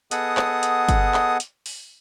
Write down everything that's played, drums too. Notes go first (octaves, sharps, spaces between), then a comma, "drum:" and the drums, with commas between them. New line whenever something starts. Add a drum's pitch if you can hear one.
B3 G#4 A4 D#5 F#5 D#6, drum: hi-hat
drum: clap
drum: hi-hat
drum: kick G1, hi-hat
drum: clap
drum: hi-hat
drum: open hi-hat